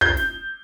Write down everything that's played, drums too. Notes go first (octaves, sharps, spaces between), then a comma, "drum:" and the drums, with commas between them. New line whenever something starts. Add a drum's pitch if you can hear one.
G6, drum: kick
drum: snare